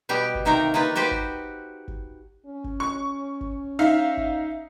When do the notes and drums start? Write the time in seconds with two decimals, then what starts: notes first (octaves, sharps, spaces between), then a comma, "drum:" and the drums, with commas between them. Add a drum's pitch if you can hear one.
0.09 B2 G3 B3 G4
0.35 drum: kick
0.45 C3 D#3 A#3 D#4 A#4
0.74 A#3 D#4 F4 B4
0.95 F#4 G4 B4 C5
1.11 drum: kick
1.88 drum: kick
2.46 C#4
2.64 drum: kick
2.80 C#6
3.41 drum: kick
3.79 D#4 E5 F5
4.17 drum: kick